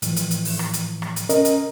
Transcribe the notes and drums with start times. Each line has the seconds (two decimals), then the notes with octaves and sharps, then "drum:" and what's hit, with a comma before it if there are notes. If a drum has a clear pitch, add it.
0.02 A2 E3 F3, drum: hi-hat
0.16 drum: hi-hat
0.31 drum: hi-hat
0.45 drum: open hi-hat
0.59 drum: rim click
0.73 drum: hi-hat
1.02 drum: rim click
1.16 drum: hi-hat
1.29 C#4 A#4 D#5, drum: hi-hat
1.45 drum: hi-hat